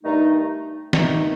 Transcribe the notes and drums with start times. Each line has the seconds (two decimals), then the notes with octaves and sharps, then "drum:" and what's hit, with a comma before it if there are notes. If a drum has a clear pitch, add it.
0.03 G2 D#3 A3 D#4
0.93 G2 D#3 A3 D#4, drum: snare